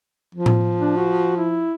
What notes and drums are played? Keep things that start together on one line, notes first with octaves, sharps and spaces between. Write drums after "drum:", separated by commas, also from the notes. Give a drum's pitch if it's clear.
F3
drum: tom A2
D4
F#4
E4